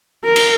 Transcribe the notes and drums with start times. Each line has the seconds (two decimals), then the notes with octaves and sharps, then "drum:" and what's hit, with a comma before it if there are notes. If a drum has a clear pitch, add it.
0.25 A#4
0.36 drum: cymbal